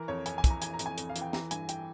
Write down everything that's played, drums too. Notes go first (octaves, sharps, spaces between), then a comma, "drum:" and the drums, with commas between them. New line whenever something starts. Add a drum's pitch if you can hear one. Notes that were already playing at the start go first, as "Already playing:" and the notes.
Already playing: E3 A#4
F2 C#5
F2 G#5, drum: hi-hat
G#5
E3, drum: kick, hi-hat
A#5
E3 G#5, drum: hi-hat
A#5
F2, drum: hi-hat
G#5
F2, drum: hi-hat
F5
E3, drum: hi-hat
G5
E3 A#5, drum: snare
G2 G#5, drum: hi-hat
G5, drum: hi-hat